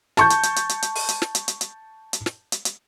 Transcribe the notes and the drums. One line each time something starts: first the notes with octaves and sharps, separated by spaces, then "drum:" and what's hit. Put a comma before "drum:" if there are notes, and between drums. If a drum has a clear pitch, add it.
A5 C#6 G6, drum: snare
drum: hi-hat
drum: hi-hat
drum: hi-hat
drum: hi-hat
drum: hi-hat
drum: open hi-hat
drum: hi-hat
drum: snare
drum: hi-hat
drum: hi-hat
drum: hi-hat
drum: hi-hat
drum: snare
drum: hi-hat
drum: hi-hat